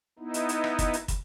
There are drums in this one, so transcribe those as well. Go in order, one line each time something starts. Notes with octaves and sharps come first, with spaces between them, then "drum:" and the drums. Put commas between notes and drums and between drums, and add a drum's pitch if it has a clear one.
B3 D#4 E4
drum: hi-hat
drum: hi-hat
drum: rim click
drum: kick, hi-hat
drum: hi-hat
drum: kick, hi-hat